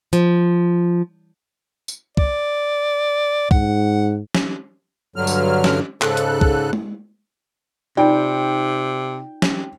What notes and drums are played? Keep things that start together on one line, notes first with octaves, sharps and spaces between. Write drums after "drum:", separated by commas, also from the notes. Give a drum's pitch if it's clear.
F3, drum: hi-hat
drum: tambourine
D5, drum: kick
G#2 F#5, drum: kick
drum: snare
G2 D3 F#3 F6
drum: tambourine
drum: snare
G#2 C#3 A4 F#6, drum: clap
drum: hi-hat
drum: kick
drum: tom
C3 D#4 F4 D5 G5
drum: snare